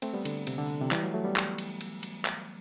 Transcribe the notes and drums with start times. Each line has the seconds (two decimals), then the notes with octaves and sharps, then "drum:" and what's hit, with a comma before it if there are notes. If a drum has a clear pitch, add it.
0.02 A3 C4, drum: cymbal
0.14 G3 B3
0.25 D3, drum: cymbal
0.47 C3, drum: cymbal
0.58 D3
0.81 C3 E3
0.91 E3 G3, drum: clap
1.03 F#3 A3
1.14 F#3 A3
1.25 G3 B3
1.36 drum: clap
1.58 drum: cymbal
1.81 drum: cymbal
2.03 drum: cymbal
2.25 drum: clap